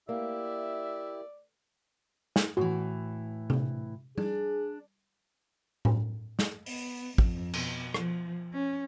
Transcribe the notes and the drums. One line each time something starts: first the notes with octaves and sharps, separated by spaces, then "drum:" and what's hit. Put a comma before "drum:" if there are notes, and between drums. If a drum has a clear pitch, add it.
A#3 E4 G4 D5 E5
drum: snare
A2 E3 F#4
drum: tom C3
D4 G#4, drum: tom G3
drum: tom A2
drum: snare
B3, drum: open hi-hat
F2, drum: kick
B2, drum: cymbal
F3, drum: rim click
C#4